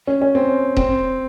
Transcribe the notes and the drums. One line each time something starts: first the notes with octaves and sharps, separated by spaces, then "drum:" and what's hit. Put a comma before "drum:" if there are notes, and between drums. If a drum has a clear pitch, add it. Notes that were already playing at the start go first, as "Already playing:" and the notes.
C#4
C#4
C4
C4, drum: kick D#1